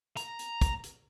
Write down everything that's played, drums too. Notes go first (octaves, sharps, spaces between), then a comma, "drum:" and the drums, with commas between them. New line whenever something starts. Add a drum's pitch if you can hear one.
A#5, drum: hi-hat
drum: hi-hat
drum: kick, hi-hat
drum: hi-hat